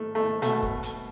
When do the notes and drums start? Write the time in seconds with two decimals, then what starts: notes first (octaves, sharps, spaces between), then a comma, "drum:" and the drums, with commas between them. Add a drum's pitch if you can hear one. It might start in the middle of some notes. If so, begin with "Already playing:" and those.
Already playing: A3
0.15 A3
0.42 B2 A3, drum: hi-hat
0.62 drum: kick
0.83 drum: hi-hat